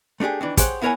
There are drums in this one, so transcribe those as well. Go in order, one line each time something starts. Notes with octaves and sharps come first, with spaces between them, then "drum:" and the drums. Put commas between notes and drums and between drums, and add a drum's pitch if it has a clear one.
A3 D4 F4 G4 G#4
D#3 E3 D4
G4 G#4 C5 C#5 F#5, drum: kick, hi-hat
B3 E4 A#4 C#5 F#5 G#5